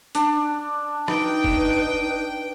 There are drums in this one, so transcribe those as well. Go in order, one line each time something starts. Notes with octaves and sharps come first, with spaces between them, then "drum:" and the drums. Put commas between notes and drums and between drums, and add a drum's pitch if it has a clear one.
D4, drum: hi-hat
D#4 B4 G5, drum: rim click
drum: kick